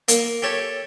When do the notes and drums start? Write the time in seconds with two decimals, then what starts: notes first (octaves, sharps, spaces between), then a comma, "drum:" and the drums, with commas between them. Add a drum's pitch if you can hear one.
0.08 A#3, drum: hi-hat
0.42 G4 A4 C#5